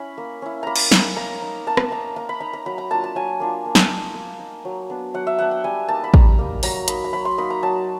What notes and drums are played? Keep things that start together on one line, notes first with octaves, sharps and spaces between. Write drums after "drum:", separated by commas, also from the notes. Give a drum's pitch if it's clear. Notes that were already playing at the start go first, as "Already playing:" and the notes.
Already playing: C#4 E4 B5
A#3
C#4 E4
A#3 A#5 B5
drum: cymbal
D#4 A#5, drum: snare
A#3 A#5
D#4
A#3 A5
drum: rim click
D#4 A#5
A#3 A#5
B5
D#4 A#5
A#5
F#3 B5
A#5
A#3 D4 F4 A5
A5
F#3 G#5
A#3 D4 F4
A#3
drum: snare
D#4
A#3
D#4
F#3
B3 D4
F#3 F#5
E5
B3 D4 F#5
G5
G3 G#5
A#3 D#4 A5
B5
G3 A#5, drum: kick A1
A#3 D#4
F#3 A#5, drum: open hi-hat
A#3 D#4 B5, drum: hi-hat
A#5
F#3 B5
C6
A#3 D#4 B5
A#5
F#3 A5